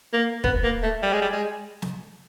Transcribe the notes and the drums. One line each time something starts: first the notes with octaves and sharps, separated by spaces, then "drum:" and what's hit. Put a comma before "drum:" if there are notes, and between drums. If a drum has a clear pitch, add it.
A#3
B3, drum: kick
A#3
A3
G3
G#3
G3
G#3
drum: snare